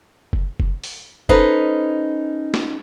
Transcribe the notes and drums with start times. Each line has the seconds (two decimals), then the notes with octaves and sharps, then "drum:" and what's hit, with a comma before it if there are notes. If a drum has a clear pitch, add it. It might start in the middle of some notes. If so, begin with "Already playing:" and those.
0.33 drum: kick F#1
0.60 drum: kick F#1
0.84 drum: open hi-hat
1.29 C#4 D#4 A4 B4 C5 D#5, drum: kick F#1
2.54 drum: snare